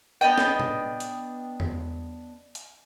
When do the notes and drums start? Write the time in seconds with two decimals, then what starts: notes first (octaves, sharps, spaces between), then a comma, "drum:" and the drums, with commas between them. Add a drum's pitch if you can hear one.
0.21 B3 D4 D#5 G5
0.38 drum: snare
0.60 drum: tom A2
1.00 drum: hi-hat
1.60 drum: tom E2
2.55 drum: hi-hat